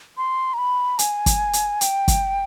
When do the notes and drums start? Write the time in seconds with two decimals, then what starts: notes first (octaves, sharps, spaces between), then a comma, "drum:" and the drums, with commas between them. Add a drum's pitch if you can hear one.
0.17 C6
0.54 A#5
0.58 B5
0.99 G#5, drum: hi-hat
1.26 drum: kick, hi-hat
1.53 drum: hi-hat
1.81 G5, drum: hi-hat
2.08 drum: kick, hi-hat